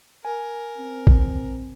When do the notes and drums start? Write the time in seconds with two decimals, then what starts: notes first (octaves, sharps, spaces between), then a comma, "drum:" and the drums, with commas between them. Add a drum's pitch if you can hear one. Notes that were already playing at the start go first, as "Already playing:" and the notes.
0.25 A#4 G#5
0.78 C4
1.07 drum: kick